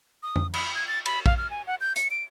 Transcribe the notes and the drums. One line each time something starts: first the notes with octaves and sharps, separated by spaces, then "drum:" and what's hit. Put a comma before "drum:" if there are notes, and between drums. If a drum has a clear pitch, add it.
D#6
drum: tom F2
B5, drum: cymbal
G#6
A6
B5, drum: cymbal
F5, drum: kick
F6
G#5
F#5
G6
C#7, drum: hi-hat
D7